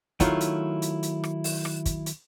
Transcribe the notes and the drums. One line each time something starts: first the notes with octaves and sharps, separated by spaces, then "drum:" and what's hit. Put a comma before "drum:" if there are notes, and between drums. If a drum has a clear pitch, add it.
D#3 F#3 A3 E4 F4, drum: kick, hi-hat
drum: hi-hat
drum: hi-hat
drum: hi-hat
drum: rim click
drum: open hi-hat
drum: rim click
drum: kick, hi-hat
drum: hi-hat